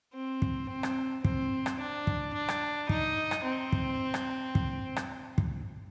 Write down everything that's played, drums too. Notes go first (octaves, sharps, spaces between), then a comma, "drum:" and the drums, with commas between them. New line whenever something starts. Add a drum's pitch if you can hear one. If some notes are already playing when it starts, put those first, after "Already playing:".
C4
drum: kick
C4
drum: rim click
C4, drum: kick
drum: rim click
D4
drum: kick
D4
drum: rim click
D#4, drum: kick
drum: rim click
C4
drum: kick
drum: rim click
drum: kick
drum: rim click
drum: kick